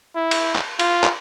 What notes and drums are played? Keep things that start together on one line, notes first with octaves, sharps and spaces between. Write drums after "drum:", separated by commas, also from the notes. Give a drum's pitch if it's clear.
E4
drum: cymbal
drum: clap
F4, drum: cymbal
drum: clap